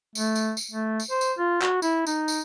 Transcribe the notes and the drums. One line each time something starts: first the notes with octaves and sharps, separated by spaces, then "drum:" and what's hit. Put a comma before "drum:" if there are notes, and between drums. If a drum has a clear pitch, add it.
A3, drum: tambourine
drum: tambourine
drum: tambourine
A3
drum: tambourine
C5
drum: tambourine
F4
F#4, drum: clap
E4, drum: tambourine
D#4, drum: tambourine
drum: tambourine